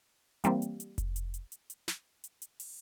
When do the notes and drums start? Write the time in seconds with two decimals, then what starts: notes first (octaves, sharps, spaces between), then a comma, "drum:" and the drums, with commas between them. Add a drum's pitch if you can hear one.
0.44 E3 G3 A#3 C4, drum: hi-hat
0.62 drum: hi-hat
0.80 drum: hi-hat
0.98 drum: kick F1, hi-hat
1.16 drum: hi-hat
1.34 drum: hi-hat
1.52 drum: hi-hat
1.70 drum: hi-hat
1.88 drum: snare
2.24 drum: hi-hat
2.42 drum: hi-hat
2.60 drum: open hi-hat